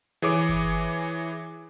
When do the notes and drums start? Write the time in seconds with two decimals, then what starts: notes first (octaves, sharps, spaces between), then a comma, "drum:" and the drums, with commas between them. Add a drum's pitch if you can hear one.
0.22 E3 G#4 C#5 D6
0.49 drum: kick G1, hi-hat
1.02 drum: hi-hat